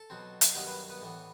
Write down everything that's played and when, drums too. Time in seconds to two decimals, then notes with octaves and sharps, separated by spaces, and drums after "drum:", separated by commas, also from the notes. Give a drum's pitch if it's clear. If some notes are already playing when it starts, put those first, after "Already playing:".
Already playing: A4 A5
0.10 B2 F#3 C4
0.41 drum: hi-hat
0.55 G2 D#3 F#3 B3 B4 B5
0.67 B4 B5
0.90 B3 B4
1.01 A2 E3 B3